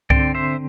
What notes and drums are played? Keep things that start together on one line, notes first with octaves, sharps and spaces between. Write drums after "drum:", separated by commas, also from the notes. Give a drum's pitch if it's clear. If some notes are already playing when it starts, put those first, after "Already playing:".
D3 C4 D5 G5, drum: kick C2
C5 E5